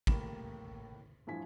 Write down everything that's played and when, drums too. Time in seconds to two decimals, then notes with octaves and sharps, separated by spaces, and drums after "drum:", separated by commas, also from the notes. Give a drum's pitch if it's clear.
0.07 A2 G3 A#3 B5 E7, drum: kick
1.27 A1 G2 F3 E4 G#5 B6